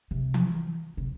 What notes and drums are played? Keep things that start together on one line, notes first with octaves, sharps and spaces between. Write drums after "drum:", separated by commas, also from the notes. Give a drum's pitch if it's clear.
C3
drum: tom E3
C3